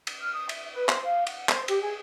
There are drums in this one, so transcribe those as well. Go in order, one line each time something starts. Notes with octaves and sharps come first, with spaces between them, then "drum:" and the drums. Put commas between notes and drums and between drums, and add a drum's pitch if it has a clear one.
drum: cymbal
F6
D#6
E5, drum: cymbal
B4
C5, drum: clap
F5
F#5, drum: cymbal
C5, drum: clap
G4, drum: cymbal
G#4